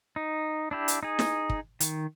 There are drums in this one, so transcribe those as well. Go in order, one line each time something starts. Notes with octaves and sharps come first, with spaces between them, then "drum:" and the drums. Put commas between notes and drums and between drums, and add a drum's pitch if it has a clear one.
D#4
D4 E4 G4
drum: hi-hat
D#4 G#4
drum: snare
drum: kick
D#3, drum: hi-hat